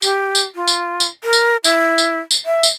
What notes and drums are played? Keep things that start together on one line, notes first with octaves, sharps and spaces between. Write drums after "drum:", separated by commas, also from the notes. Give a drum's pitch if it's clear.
G4, drum: tambourine
drum: tambourine
F4
drum: tambourine
drum: tambourine
A#4
drum: tambourine
E4, drum: tambourine
drum: tambourine
drum: tambourine
E5
drum: tambourine